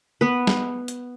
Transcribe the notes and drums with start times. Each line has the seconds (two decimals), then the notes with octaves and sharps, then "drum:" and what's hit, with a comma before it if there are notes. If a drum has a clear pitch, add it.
0.21 B3 B4
0.47 drum: snare
0.88 drum: hi-hat